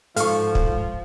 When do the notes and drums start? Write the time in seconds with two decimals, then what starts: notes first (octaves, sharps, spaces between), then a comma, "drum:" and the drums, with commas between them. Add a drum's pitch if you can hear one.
0.16 G#2 F3 A4 F5 C#6, drum: hi-hat
0.55 drum: kick